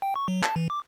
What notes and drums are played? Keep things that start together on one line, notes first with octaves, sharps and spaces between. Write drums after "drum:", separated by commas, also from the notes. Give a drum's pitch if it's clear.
G5
C#6
F#3
A5, drum: clap
E3
D6